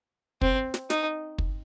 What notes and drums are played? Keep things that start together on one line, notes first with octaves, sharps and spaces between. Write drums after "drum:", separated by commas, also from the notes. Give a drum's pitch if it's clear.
C4, drum: kick
drum: snare
D#4, drum: snare
drum: kick